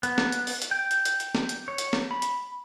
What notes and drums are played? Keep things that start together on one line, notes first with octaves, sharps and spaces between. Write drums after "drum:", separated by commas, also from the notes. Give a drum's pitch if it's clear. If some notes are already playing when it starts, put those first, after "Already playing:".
B3, drum: hi-hat
drum: snare
drum: hi-hat
drum: open hi-hat
drum: hi-hat
G5
drum: hi-hat
drum: hi-hat
drum: hi-hat
drum: snare
drum: hi-hat
C#5
drum: hi-hat
drum: snare
B5
drum: hi-hat